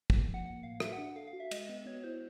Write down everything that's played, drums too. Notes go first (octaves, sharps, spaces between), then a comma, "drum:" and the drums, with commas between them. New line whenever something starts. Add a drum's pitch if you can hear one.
A#3, drum: kick
F3
F#5
A#3 F#5
A2 F5
F#4 E5, drum: rim click
F#5
D4
F#5
A4 F5
F5
F#4
E5
G#3 D#5, drum: cymbal
B3
B3 C#5
E4 C5